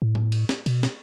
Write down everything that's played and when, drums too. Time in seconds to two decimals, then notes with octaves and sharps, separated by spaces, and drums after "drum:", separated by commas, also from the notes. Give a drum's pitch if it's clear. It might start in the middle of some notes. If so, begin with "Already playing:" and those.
0.02 A2
0.15 drum: tom A2
0.32 drum: cymbal
0.49 drum: snare
0.66 B2, drum: cymbal
0.83 drum: snare